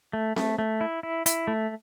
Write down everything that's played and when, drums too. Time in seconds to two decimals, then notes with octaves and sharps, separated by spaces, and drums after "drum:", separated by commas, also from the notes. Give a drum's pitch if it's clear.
0.13 A3
0.36 A3, drum: snare C4
0.59 A3
0.81 E4
1.03 E4
1.26 E4, drum: hi-hat
1.48 A3